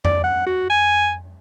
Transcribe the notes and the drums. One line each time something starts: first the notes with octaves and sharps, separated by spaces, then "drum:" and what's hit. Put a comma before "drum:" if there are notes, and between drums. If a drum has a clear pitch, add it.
D5, drum: tom F2
F#5
F#4
G#5